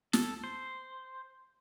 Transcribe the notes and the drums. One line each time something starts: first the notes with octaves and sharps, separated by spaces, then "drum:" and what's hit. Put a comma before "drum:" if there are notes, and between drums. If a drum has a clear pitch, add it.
A4, drum: snare
C5